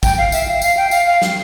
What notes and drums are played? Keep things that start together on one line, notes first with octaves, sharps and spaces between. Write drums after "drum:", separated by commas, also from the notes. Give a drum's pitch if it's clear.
G5, drum: kick, tambourine
F5
E5, drum: tambourine
F5
F5, drum: tambourine
G5
F5, drum: tambourine
F5
drum: snare